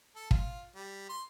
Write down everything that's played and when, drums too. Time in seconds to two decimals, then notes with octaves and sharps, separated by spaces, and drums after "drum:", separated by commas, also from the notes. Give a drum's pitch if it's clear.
0.16 A4
0.31 F4, drum: kick
0.76 G3
1.09 C6